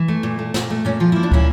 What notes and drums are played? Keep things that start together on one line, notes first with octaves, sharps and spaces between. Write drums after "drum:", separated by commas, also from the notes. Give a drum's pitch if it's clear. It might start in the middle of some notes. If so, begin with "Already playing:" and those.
Already playing: E3
A3
A#2
A3
A#2, drum: snare
A3
A#2 C#4
F3 F4
A#3 E4
D4
A#2 C#4 E4, drum: kick